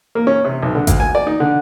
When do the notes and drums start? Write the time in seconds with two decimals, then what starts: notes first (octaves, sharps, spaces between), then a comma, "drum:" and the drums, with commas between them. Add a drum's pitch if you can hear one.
0.15 A#3
0.27 C#4
0.45 C3
0.63 B1
0.75 D3
0.87 D2, drum: kick G#1, hi-hat
1.00 G#5
1.15 D5
1.27 D#4
1.40 D3